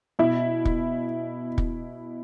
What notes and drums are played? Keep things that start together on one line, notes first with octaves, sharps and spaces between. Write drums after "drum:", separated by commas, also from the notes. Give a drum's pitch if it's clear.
B2 E4
drum: kick
drum: kick